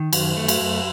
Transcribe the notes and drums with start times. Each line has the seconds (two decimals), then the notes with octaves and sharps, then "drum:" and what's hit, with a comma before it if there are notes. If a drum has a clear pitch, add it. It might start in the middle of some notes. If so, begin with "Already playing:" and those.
Already playing: D#3
0.13 F#2, drum: cymbal
0.37 A3
0.48 drum: cymbal
0.60 F#2